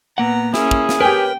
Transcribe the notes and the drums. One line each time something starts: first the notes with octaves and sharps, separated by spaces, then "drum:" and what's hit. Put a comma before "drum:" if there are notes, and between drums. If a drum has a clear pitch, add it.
A#2 A#3 B3 F#5 A#5
A#3 C#4 E4 G#4, drum: snare
drum: kick
drum: snare
G4 A#4 B4 C#5 G5 G#5